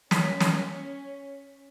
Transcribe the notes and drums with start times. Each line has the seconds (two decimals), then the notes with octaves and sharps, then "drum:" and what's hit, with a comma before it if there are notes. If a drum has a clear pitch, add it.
0.11 C#4 B6, drum: snare
0.40 drum: snare